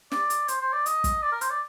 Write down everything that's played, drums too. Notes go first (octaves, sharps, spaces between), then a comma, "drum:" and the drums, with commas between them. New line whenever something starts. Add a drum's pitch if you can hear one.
D5, drum: snare
drum: hi-hat
C5, drum: hi-hat
C5
D5
D#5, drum: hi-hat
drum: kick, hi-hat
D5
A#4
C5, drum: hi-hat
D5